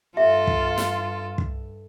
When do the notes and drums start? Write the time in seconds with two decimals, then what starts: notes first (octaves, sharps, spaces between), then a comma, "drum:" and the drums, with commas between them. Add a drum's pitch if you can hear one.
0.17 G2 F4 G4 A4 E5
0.47 drum: kick
0.78 drum: snare
1.38 drum: kick